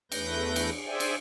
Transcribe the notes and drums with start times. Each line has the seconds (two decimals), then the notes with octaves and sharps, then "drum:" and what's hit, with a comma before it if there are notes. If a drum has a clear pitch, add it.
0.12 E2 A3 B4 G6 A#6, drum: cymbal
0.56 drum: cymbal
0.86 G#4 C5 D5 E5 G5 G#5
1.00 drum: cymbal